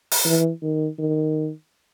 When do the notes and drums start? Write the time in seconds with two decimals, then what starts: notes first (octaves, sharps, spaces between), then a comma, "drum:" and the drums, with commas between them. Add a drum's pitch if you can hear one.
0.11 drum: open hi-hat
0.25 E3
0.62 D#3
0.99 D#3